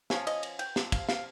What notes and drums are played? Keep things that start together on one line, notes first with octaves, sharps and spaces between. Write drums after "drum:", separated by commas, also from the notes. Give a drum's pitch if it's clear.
F3 A#3 C#4 F5, drum: snare
D#5, drum: cymbal
drum: cymbal
G5, drum: cymbal
C3 F3, drum: snare
F5, drum: kick, cymbal
F5, drum: snare